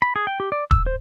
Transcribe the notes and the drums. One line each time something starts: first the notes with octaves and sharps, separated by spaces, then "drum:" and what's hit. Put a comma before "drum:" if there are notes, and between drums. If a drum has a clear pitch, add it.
B5
G#4
G5
G4
D5
E6, drum: kick D#1
C5